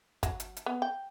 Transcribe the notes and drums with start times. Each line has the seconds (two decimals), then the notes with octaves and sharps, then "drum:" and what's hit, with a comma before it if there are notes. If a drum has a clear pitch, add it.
0.23 F#3, drum: kick, hi-hat
0.40 drum: hi-hat
0.57 drum: hi-hat
0.66 B3
0.82 G5